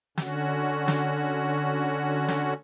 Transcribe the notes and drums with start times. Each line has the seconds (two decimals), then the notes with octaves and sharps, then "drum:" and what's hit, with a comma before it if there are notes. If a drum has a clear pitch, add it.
0.18 D3 C#4 F#4, drum: snare
0.88 drum: snare
2.28 drum: snare